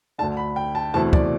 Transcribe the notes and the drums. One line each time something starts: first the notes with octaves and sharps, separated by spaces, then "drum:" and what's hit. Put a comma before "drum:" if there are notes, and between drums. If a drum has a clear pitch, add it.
D2 D3 A3 D4 A5
B5
G5
A5
E2 B2 A3 C4 E4 A5
D5, drum: kick